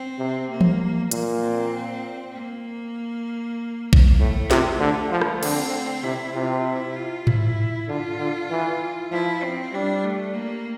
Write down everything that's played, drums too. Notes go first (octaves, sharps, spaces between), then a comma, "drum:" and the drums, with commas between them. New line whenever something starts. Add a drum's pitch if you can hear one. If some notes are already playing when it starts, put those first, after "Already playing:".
Already playing: C4
C3
A#3
drum: tom E3
A#2 A#3, drum: hi-hat
C4
A#3
drum: kick A#1
A2 A3
C3, drum: snare
D3 A3
F3
drum: rim click
D3 C4, drum: cymbal
C3 E4
C3 F4
E4
F4
E4, drum: tom G#2
D3 F4
D3
E3
F3 E4
C4
G3 D4
A3
A#3